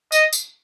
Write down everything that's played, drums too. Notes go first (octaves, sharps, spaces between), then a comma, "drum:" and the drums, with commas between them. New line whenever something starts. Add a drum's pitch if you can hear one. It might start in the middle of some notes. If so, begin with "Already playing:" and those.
D#5, drum: tambourine
drum: tambourine